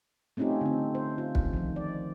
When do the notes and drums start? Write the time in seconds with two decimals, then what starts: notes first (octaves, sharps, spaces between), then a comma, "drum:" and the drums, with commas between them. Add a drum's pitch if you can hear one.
0.37 A3 C4 C#4 D#4 F4 G4
0.61 D3 C4
0.95 C5
1.18 F4
1.35 drum: kick
1.53 D#3 F3
1.76 D5